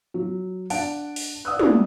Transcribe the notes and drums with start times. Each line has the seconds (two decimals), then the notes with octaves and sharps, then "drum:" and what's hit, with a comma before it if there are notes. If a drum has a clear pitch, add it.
0.14 F#3
0.70 D4 F#5 A5 D7, drum: open hi-hat
1.16 drum: open hi-hat
1.45 D5 F#5 D#6 E6 F#6
1.59 drum: tom